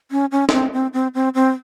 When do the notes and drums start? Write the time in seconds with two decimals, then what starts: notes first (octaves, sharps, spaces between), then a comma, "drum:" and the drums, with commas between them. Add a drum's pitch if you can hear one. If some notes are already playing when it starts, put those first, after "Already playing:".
0.11 C#4
0.32 C#4
0.49 C#4, drum: snare
0.53 C4
0.73 C4
0.93 C4
1.14 C4
1.35 C4